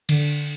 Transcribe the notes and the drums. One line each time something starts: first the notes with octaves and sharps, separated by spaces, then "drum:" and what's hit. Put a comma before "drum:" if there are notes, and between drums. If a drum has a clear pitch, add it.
D3, drum: cymbal